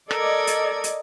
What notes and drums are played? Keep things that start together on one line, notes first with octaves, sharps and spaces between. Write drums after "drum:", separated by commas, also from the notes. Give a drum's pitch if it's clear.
A4 A#4 D5 D#5 G#6, drum: rim click
drum: hi-hat
drum: hi-hat